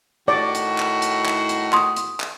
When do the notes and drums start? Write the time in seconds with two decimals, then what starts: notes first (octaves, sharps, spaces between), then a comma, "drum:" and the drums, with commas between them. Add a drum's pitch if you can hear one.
0.28 A2 D#3 F#4 D5
0.55 drum: hi-hat
0.78 drum: clap
1.02 drum: hi-hat
1.26 drum: clap
1.49 drum: hi-hat
1.73 C6 D#6, drum: clap
1.96 drum: hi-hat
2.20 drum: clap